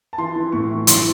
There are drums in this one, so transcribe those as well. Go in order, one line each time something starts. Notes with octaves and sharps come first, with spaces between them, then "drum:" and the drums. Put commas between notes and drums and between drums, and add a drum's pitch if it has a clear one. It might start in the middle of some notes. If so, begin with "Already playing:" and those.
A5
E3 C6
E3
A2 C#6
E3
E3 C6, drum: hi-hat